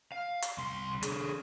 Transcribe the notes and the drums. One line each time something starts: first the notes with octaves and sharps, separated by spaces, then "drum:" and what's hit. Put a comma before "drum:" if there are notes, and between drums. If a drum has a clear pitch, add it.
F5
drum: hi-hat
C2 C6
D3 G#4, drum: hi-hat